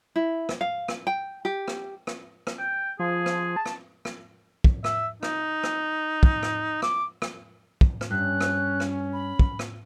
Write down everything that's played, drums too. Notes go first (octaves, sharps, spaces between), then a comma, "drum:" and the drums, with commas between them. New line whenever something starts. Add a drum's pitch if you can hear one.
E4
drum: rim click
F5
drum: rim click
G5
G4
drum: rim click
drum: rim click
drum: rim click
G5
F3 G#4
drum: rim click
A5
drum: rim click
drum: rim click
drum: kick
E5, drum: rim click
D#4, drum: rim click
drum: rim click
drum: kick
drum: rim click
D6, drum: rim click
drum: rim click
drum: kick
drum: rim click
G2 C#4 F#6
drum: rim click
drum: rim click
B5
drum: kick
drum: rim click